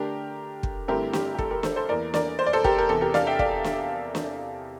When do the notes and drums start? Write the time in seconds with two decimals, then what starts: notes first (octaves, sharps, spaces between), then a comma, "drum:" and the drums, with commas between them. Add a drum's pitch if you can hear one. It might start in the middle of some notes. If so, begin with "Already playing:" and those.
Already playing: D3 A3 D4 G4 A#4
0.63 drum: kick
0.88 G2 D3 A3 C4 E4 G4 A#4
1.13 G4, drum: snare
1.35 G4
1.38 A4, drum: kick
1.51 G4 A#4
1.63 A4 C5, drum: snare
1.76 A4 C5
1.89 E2 E3 A#3 E4 A#4 D5
2.14 A#4 D5, drum: snare
2.39 C5
2.46 D5
2.53 A4 C5
2.64 G4 A#4, drum: kick
2.78 A#4
2.89 E2 C3 E3 A4
3.01 G4 A#4
3.14 D5 F5, drum: snare
3.27 E5 G5
3.39 D5 F5, drum: kick
3.64 drum: snare
4.15 drum: snare